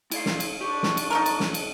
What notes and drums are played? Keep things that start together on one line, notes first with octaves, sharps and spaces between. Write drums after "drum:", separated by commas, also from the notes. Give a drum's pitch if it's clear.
E4 D5 F5, drum: cymbal
drum: snare
drum: cymbal
D4 G4 C#6
drum: snare
drum: cymbal
B1 F2 D#4 A4 A#4
drum: cymbal
drum: snare
drum: cymbal